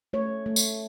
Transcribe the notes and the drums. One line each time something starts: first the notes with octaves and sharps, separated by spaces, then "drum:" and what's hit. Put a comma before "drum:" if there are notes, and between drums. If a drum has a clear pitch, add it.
A3 C#5
A3
drum: tambourine